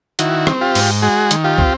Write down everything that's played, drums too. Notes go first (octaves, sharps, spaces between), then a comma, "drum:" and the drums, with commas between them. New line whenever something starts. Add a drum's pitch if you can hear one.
D#3 E4 F#4, drum: hi-hat
C4, drum: rim click
F4 G4
G#2, drum: open hi-hat
G#3 F#4 G#4
D#3, drum: hi-hat
F4 G4
C4, drum: kick